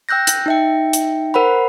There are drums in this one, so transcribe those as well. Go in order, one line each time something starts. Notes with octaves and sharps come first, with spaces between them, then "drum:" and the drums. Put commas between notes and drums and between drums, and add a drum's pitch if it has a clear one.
G5 E6 F#6 G6 A#6
drum: hi-hat
D#4 E5 G5
drum: hi-hat
A#4 C5 F#5 B5